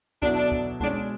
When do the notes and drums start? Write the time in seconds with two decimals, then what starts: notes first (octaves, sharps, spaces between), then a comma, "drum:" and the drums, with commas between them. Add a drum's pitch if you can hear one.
0.22 B2 F#3 B3 D4 E4 A4, drum: kick
0.37 D4
0.52 drum: kick
0.81 B2 G#3 C#4 D4, drum: kick